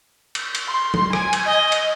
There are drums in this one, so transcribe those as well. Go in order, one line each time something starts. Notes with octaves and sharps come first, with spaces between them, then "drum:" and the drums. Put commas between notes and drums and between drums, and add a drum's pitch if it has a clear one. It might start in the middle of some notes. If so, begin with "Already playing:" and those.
drum: cymbal
drum: cymbal
C6
drum: tom F#3
G#5, drum: rim click
drum: cymbal
D#5
drum: cymbal